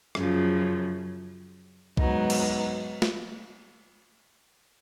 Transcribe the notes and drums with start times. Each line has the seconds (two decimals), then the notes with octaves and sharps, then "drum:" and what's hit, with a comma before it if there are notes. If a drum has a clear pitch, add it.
0.15 F#2 C#3 F3, drum: rim click
1.97 G#2 F#3 B3 D#4, drum: kick B1
2.30 drum: cymbal
3.02 drum: snare